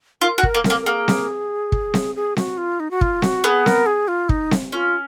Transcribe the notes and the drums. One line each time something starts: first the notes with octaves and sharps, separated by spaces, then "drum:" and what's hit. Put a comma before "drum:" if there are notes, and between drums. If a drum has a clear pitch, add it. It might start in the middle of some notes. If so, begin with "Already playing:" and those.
F4 A#4
F#4
A#4, drum: kick
A#3
A#4, drum: snare C4
A#3
A#4
A#3 G#4
drum: snare C4
drum: kick
drum: snare C4
G#4
F#4, drum: snare C4
F4
D#4
F#4
F4, drum: kick
F#4, drum: snare C4
B3 G#4
A#4, drum: snare C4
G#4
F4
D#4, drum: kick
drum: snare C4
C#4 F4